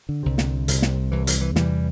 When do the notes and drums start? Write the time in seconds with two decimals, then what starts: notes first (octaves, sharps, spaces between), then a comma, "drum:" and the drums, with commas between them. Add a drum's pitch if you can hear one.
0.09 D3
0.23 C2 C3
0.38 drum: snare
0.68 C2 C3, drum: hi-hat
0.82 drum: snare
1.12 C2 C3 E3
1.27 E3, drum: hi-hat
1.41 E3
1.56 E2 C3 E3 G3, drum: snare